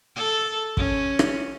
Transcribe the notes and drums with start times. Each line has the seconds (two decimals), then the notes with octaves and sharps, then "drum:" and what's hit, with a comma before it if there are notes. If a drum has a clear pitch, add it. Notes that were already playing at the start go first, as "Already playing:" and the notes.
0.16 A4
0.77 C#4, drum: kick
1.19 drum: rim click